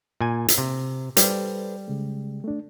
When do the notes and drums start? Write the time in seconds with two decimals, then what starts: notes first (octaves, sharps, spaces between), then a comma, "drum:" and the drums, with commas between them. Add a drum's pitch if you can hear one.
0.21 A#2 G#5
0.48 drum: hi-hat
0.58 C3
1.17 G3 A4 B4 C5, drum: hi-hat
1.88 C#3 G#3
2.44 A3 D4